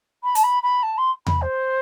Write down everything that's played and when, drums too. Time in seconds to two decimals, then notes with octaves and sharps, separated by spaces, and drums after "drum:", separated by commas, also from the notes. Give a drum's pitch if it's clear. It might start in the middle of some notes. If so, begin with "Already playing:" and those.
0.23 B5
0.35 A5, drum: hi-hat
0.43 B5
0.63 B5
0.83 A5
0.97 C6
1.27 B5, drum: tom E2
1.42 C5